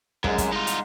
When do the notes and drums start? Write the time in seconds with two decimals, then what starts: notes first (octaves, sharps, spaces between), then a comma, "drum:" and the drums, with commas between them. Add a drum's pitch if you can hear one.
0.24 C2 F#2 G#3, drum: kick
0.38 drum: kick, hi-hat
0.53 D#4 F4
0.67 drum: hi-hat